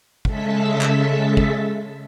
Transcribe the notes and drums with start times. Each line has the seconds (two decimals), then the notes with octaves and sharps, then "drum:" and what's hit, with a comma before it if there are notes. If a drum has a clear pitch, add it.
0.25 C#3 G#3 A4 E5 A5 B6, drum: kick
0.81 drum: clap
1.37 drum: kick